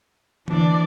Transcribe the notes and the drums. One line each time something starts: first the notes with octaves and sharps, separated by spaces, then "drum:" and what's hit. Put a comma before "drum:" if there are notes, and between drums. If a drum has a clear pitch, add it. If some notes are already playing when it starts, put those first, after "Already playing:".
E3 D4 D5, drum: tom D3